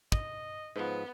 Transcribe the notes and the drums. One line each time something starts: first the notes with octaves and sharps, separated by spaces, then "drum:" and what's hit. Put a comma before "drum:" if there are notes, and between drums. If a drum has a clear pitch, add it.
D#5, drum: kick
G#2 F3 B3 B4